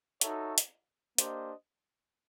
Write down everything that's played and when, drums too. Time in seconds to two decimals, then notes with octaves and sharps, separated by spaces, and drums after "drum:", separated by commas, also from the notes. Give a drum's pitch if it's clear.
0.21 D#4 F#4 A4 C#5 E5, drum: hi-hat
0.58 drum: hi-hat
1.18 A#3 D4 G4 C5 D#5, drum: hi-hat